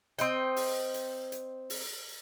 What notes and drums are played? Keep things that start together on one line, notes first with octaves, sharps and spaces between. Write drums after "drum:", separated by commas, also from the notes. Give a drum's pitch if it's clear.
C4 D#5 G5, drum: hi-hat
drum: open hi-hat
drum: hi-hat
drum: hi-hat
drum: open hi-hat